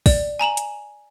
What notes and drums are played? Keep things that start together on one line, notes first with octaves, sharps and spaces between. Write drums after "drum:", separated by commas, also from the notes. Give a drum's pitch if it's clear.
D5, drum: kick, open hi-hat
G#5 A#5 E7 F#7
drum: hi-hat